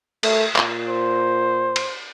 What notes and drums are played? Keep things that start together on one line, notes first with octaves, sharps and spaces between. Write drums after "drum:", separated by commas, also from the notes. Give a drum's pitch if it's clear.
A3, drum: cymbal
A#2, drum: clap
C5
drum: cymbal